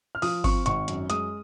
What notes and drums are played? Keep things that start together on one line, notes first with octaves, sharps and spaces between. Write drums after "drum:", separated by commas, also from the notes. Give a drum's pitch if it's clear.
F6
F3 D#6, drum: open hi-hat
C4 C#6, drum: kick G1, open hi-hat
G#1 C#6, drum: hi-hat
F#2, drum: hi-hat
G#3 D#6, drum: hi-hat